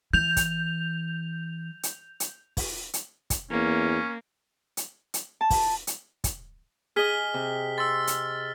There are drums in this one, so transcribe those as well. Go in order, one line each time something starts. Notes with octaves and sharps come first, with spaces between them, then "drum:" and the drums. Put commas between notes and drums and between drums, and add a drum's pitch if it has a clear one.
E3 G6 F7
drum: kick, hi-hat
drum: hi-hat
drum: hi-hat
drum: kick, open hi-hat
drum: hi-hat
drum: kick, hi-hat
E2 A#3 C#4
drum: hi-hat
drum: hi-hat
A5
drum: kick, open hi-hat
drum: hi-hat
drum: kick, hi-hat
G#4 D#5 F6 B6 G7
C3
C6 E6 A6
drum: hi-hat